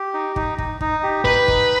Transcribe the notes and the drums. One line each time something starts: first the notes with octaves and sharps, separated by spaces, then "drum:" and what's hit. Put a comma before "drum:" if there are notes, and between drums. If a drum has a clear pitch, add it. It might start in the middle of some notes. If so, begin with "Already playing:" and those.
Already playing: G4
D#4
D#4, drum: kick
D#4, drum: kick
D#4, drum: kick
G4
D#4 B4, drum: kick
D#4, drum: kick